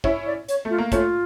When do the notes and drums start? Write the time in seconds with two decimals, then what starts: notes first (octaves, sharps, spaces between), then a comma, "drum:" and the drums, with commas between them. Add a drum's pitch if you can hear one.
0.04 C#4 E4 E5, drum: kick
0.26 D5
0.49 C#5, drum: hi-hat
0.65 A3 F4
0.78 A#3
0.92 A3 C#4 F4, drum: kick, hi-hat